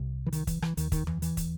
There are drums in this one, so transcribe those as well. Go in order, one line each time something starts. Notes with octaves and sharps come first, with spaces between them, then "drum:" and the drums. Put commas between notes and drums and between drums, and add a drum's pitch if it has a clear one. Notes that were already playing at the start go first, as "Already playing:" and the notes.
Already playing: C2 C3
E3
D#3, drum: hi-hat
E3, drum: kick, hi-hat
E3, drum: rim click
D#2 D#3, drum: hi-hat
D#3, drum: kick, hi-hat
E3, drum: tom E2
E3, drum: hi-hat
drum: kick, hi-hat